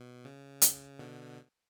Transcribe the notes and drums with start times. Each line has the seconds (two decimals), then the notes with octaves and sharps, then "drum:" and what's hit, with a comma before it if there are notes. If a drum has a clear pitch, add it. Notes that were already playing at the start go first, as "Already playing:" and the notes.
Already playing: B2
0.25 C#3
0.62 drum: hi-hat
0.99 B2 D3